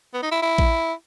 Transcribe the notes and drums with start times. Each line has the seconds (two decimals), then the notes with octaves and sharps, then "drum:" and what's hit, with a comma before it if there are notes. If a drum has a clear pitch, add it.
0.14 B3
0.23 D#4
0.32 E4
0.42 E4
0.58 drum: kick A1